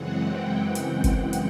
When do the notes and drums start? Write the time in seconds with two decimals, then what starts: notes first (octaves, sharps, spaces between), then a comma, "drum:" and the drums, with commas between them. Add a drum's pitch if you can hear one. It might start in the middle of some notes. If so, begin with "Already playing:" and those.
Already playing: F#2 C#3 E3 G#3 C4 F#5
0.31 G5
0.75 F#5, drum: hi-hat
1.04 drum: kick, hi-hat
1.33 drum: hi-hat